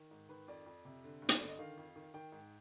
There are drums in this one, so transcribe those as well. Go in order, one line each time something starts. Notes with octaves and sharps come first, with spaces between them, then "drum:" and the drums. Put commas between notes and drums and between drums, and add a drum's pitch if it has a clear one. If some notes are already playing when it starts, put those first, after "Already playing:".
Already playing: D#3
G#2
D#3 B4
F2 D5
F2
C3
D3
G2
C5, drum: hi-hat
D3 D5
D#5
D#3 F5
F2
D#3
D#3 G5
G#2